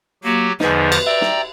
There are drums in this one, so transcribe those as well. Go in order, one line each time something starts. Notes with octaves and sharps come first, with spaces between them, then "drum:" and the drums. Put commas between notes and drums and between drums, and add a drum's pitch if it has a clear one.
F#3 A#3 F#4 G4
E2 D3 F3 D#4 G#4 B4, drum: snare
drum: cymbal
D5 E5 G5 A#5
drum: snare